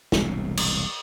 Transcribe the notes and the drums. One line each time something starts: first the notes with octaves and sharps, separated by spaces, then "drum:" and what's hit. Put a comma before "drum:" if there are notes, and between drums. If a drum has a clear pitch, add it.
E1 C2 A2, drum: snare
drum: cymbal